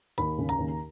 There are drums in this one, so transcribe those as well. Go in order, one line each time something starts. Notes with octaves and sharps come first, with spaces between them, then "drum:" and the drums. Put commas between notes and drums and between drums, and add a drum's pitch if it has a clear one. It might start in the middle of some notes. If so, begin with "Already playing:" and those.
D#2 B5, drum: hi-hat
C#3
A#5, drum: hi-hat
D#2